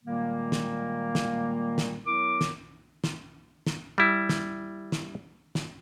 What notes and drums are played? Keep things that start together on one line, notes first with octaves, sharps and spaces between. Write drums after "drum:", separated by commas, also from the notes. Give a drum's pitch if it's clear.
A#2 D#3 G3 G#3 A#3
drum: snare
drum: snare
drum: snare
F#3 B3 E4 A#4 D6
drum: snare
drum: snare
drum: snare
G3 E4
drum: snare
drum: snare
drum: snare